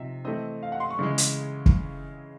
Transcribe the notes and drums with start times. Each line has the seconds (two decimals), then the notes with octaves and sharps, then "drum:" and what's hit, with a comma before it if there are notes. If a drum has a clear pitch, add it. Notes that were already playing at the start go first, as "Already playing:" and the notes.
Already playing: C3 F3 D#4 D#5 E5
0.24 E3 A3 C4 D#5
0.63 F5
0.72 F#5
0.80 C6
0.90 C#6
0.99 C#3 E3 G#3
1.18 drum: hi-hat
1.66 drum: kick